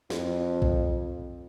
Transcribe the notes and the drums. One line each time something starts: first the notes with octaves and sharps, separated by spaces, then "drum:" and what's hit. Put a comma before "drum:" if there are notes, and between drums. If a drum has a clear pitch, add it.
F2, drum: snare
drum: kick B1